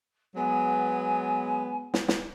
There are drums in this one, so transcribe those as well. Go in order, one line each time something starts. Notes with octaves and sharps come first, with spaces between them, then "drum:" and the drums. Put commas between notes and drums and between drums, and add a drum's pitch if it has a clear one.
F#3 G#3 B3 G#5
drum: snare
drum: snare